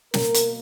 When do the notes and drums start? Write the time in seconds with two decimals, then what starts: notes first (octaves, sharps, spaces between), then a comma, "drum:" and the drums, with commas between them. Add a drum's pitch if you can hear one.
0.14 B2 A#3 A#4, drum: snare
0.34 drum: hi-hat